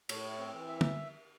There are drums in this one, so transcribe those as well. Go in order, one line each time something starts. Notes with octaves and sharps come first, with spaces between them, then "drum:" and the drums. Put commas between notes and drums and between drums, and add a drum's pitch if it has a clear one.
A2 C#5, drum: cymbal
C4
E3
E5
drum: tom